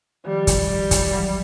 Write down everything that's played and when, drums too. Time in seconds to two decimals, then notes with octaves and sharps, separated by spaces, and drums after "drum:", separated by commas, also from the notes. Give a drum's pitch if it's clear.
0.25 D#3 F3 G3
0.47 drum: kick, hi-hat
0.91 drum: kick, hi-hat
1.13 E3 F#3